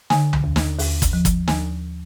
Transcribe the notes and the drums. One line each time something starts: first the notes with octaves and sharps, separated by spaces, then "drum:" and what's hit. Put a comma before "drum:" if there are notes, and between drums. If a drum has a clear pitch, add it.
D3 G#5, drum: snare
drum: tom C2
D#2
drum: snare
D#2, drum: open hi-hat
drum: kick G1, hi-hat
F3
drum: kick G1, hi-hat
D#2 G#5, drum: snare